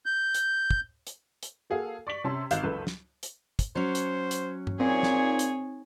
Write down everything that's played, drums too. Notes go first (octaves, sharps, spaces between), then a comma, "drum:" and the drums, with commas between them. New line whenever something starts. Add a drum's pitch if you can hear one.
G6
drum: hi-hat
drum: kick
drum: hi-hat
drum: hi-hat
A#3 F#4 G#4 A4 F5
D5 C#6 B6 F#7
C3 C#4 A5 C6 E6
G#1 F5 F#6 G6 E7, drum: hi-hat
F#1 C#2 A4 B4
drum: snare
drum: hi-hat
drum: kick, hi-hat
F#3 C#4 C5
drum: hi-hat
drum: hi-hat
drum: tom G2
A#2 C4 D#4 G#4 C#5
drum: snare
drum: hi-hat